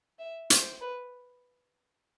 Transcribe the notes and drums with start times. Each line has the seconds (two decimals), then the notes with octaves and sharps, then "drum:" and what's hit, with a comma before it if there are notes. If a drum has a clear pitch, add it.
0.19 E5
0.50 C5, drum: hi-hat
0.81 B4